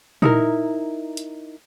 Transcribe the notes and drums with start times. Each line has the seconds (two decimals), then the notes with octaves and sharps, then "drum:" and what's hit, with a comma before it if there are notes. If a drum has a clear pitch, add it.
0.22 D#4 E4 A#4, drum: tom A#2
1.17 drum: hi-hat